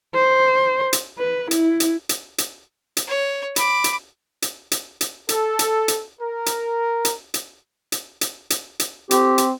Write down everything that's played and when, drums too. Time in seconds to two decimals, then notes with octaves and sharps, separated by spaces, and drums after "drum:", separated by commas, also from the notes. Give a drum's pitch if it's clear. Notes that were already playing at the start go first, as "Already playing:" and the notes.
0.15 C5
0.93 drum: hi-hat
1.19 B4
1.51 E4, drum: hi-hat
1.80 drum: hi-hat
2.09 drum: hi-hat
2.38 drum: hi-hat
2.97 drum: hi-hat
3.08 C#5
3.56 B5 D6, drum: hi-hat
3.84 drum: hi-hat
4.42 drum: hi-hat
4.71 drum: hi-hat
5.01 drum: hi-hat
5.29 A4, drum: hi-hat
5.59 drum: hi-hat
5.88 drum: hi-hat
6.20 A#4
6.46 drum: hi-hat
7.05 drum: hi-hat
7.34 drum: hi-hat
7.92 drum: hi-hat
8.21 drum: hi-hat
8.50 drum: hi-hat
8.79 drum: hi-hat
9.11 C4 G4, drum: hi-hat
9.38 drum: hi-hat